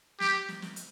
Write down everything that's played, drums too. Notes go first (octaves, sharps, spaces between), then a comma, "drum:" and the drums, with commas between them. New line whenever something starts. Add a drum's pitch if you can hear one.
G4, drum: snare
drum: snare
drum: snare
drum: hi-hat